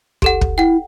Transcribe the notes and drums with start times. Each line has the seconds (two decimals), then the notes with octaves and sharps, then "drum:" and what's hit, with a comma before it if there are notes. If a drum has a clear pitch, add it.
0.22 G4 A4 F#5, drum: kick
0.41 drum: kick
0.58 E4 F#5 G5